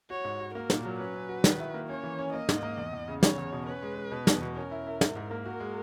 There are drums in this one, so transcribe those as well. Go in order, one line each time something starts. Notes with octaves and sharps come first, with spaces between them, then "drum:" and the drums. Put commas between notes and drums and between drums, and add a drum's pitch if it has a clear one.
F#4 C#5
G#2
F#4
A#3 A#4
A#2, drum: snare
F#3
C#4 B4
C#4
F#4
D#3, drum: snare
E4
A#3
C#4 C#5
E3
C#4
A#3 D#5
G#2, drum: snare
A#3
E2
E2
C#3
E2 C#5, drum: snare
E2
B2
C#4 B4
G#3
G#3
B2
E2, drum: snare
B2
C#4 A#4
E4
E4
G#2, drum: snare
G#2
A#3
F#4 A#4
G#3